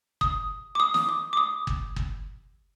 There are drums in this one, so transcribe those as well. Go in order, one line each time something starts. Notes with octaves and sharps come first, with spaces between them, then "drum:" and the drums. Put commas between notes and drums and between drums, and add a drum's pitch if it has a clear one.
D#6, drum: kick
D6
D#6
D#6, drum: snare
D6
D6
D#6
drum: kick
drum: kick